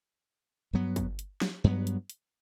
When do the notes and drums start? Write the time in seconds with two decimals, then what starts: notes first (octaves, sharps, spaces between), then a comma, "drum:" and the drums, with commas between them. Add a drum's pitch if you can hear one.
0.73 G2 F#3 B3
0.96 drum: kick, hi-hat
1.19 drum: hi-hat
1.42 drum: snare
1.64 G2 F#3 B3
1.87 drum: hi-hat
2.10 drum: hi-hat